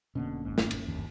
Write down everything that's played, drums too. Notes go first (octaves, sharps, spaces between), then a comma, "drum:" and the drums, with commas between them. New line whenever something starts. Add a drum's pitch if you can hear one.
F1 B2 D3 A#3 C#4
G#1 G#2
drum: snare
drum: cymbal
G1 D#2 E3